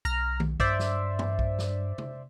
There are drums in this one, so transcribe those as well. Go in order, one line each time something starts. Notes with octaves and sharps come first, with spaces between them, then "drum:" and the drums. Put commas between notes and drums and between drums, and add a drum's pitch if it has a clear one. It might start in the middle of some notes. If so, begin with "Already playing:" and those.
B1 A#5 F6
drum: tom D#3
G2 C5 D5 E5, drum: kick B1
drum: snare
drum: tom G2
drum: kick B1
drum: snare
drum: tom C3